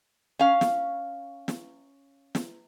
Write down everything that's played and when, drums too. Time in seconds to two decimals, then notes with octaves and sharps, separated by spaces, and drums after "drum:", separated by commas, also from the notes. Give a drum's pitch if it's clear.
0.39 C#4 F5
0.61 drum: snare
1.48 drum: snare
2.35 drum: snare